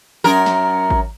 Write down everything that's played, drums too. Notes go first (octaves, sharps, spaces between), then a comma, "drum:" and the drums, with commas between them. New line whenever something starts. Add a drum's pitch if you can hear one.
F#2 A#4
drum: snare
drum: kick G#1